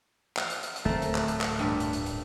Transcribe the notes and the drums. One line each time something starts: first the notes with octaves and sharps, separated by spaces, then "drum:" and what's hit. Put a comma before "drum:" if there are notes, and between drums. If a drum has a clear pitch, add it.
F4 F5, drum: clap
drum: hi-hat
drum: hi-hat
drum: hi-hat
D1 A3 C4 A#4 C5
drum: hi-hat
drum: clap
drum: hi-hat
drum: clap
G2 A#2 B4
drum: hi-hat
drum: hi-hat
drum: hi-hat